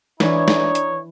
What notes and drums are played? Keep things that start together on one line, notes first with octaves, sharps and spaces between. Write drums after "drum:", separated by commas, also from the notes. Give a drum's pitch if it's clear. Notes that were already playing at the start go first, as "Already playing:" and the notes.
E3 D4 D#4 C#5 D5, drum: snare
drum: snare
drum: hi-hat